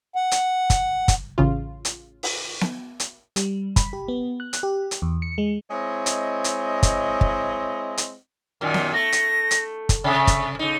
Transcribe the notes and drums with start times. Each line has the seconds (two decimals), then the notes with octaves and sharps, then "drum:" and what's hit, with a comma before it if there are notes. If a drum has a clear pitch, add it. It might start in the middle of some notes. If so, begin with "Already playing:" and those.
0.15 F#5
0.31 drum: hi-hat
0.70 drum: kick, hi-hat
1.08 drum: kick, hi-hat
1.38 A1 C#3 F4
1.85 drum: hi-hat
2.23 drum: open hi-hat
2.61 drum: snare B3
3.00 drum: hi-hat
3.36 G3, drum: hi-hat
3.76 B5, drum: kick, hi-hat
3.93 G4
4.08 B3
4.40 F#6
4.53 drum: hi-hat
4.63 G4
4.91 drum: hi-hat
5.02 E2
5.22 C#7
5.38 G#3
5.71 G#3 C4 E4 C#5 D#5
6.06 drum: hi-hat
6.44 drum: hi-hat
6.83 drum: kick, hi-hat
7.21 drum: kick
7.98 drum: hi-hat
8.61 F#2 A#2 D#3
8.74 drum: snare B3
8.93 A3 A#6
9.12 drum: hi-hat
9.51 drum: hi-hat
9.89 drum: kick, hi-hat
10.04 C3 E5
10.27 drum: kick, hi-hat
10.59 C#3 D#4